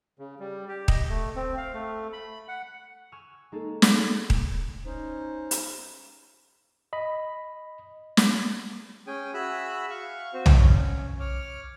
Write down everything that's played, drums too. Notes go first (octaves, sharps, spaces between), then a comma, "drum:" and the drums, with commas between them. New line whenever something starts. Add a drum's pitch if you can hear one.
C#3
G3
G4
D#5, drum: kick D#1
A3
C4
F5
A3
B5
F#5
G#5 C#6 E6 F6 G#6
G#3 A#3 D#4 A4
drum: snare
drum: kick D#1
C#4 D#4 C5
drum: hi-hat
D#5 B5
drum: snare
C#4 G#4 G5 G#5
F#4 G#4 E5 B5 E6 F#6
F5 C#6
C4 F#4 C5
drum: tom B1
C#4
C#5 D6 F6